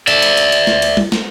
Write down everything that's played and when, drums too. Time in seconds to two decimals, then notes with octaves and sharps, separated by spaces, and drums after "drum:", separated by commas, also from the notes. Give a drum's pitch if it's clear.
0.08 D5 E5, drum: cymbal
0.22 drum: cymbal
0.37 drum: cymbal
0.52 drum: cymbal
0.67 drum: snare
0.82 drum: cymbal
0.97 drum: tom G3
1.12 drum: snare